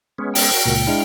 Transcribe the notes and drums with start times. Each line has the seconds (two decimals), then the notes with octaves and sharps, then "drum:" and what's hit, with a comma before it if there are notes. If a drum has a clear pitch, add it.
0.18 G#3 B3 C#4
0.35 G5, drum: open hi-hat
0.53 F#4 A#4
0.66 C#2 A#2
0.87 G#3 D4 E4 F5 C#6 F6